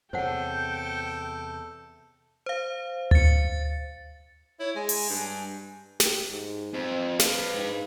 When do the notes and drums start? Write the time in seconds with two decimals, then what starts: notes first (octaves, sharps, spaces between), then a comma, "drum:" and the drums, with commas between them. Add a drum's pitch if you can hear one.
0.13 E2 C3 A4 C5 C#5 F#5 G5
2.46 C5 F5
3.11 A6 C#7, drum: tom D2
4.60 E4 C#5
4.76 G#3 G#5
4.89 drum: open hi-hat
5.10 G2
6.00 G4, drum: snare
6.30 G#2
6.74 F2 C5
7.19 B4 F5, drum: snare
7.55 G#2